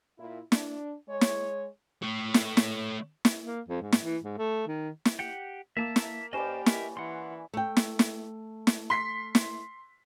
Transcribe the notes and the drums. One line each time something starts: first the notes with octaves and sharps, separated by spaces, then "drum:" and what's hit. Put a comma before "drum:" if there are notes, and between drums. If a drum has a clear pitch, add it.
A#2 E4
D4, drum: snare
G#3 C#5
drum: snare
A3 C#5
drum: snare
drum: snare
drum: snare
A#3
F2
G#2
drum: snare
E3
G#2
A3
D#3
drum: snare
G4 F#5 G5
A#3 E5 A5 E6
drum: snare
C#4 G4 B4 C5 D5 D#5
A#4 D#5 E5, drum: snare
E3 F#5 C6
A3 G5
drum: snare
drum: snare
drum: snare
C6 B6 C7
drum: snare